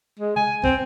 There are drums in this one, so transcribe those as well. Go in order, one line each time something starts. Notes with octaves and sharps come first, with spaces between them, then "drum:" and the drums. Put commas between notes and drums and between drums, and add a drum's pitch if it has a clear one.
G#3
G#5, drum: tom C3
C4, drum: kick